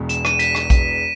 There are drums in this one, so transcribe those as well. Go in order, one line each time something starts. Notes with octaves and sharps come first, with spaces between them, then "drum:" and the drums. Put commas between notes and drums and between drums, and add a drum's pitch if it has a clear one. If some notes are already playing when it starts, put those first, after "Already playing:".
Already playing: E1 E2 B2
E7, drum: hi-hat
D#7, drum: rim click
B6, drum: hi-hat
drum: rim click
drum: kick A#1, hi-hat